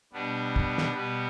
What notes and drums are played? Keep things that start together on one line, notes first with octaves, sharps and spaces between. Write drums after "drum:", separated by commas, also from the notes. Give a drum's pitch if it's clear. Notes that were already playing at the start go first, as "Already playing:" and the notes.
B2 G3 B3 D4
drum: kick
drum: snare
B2 G3 B3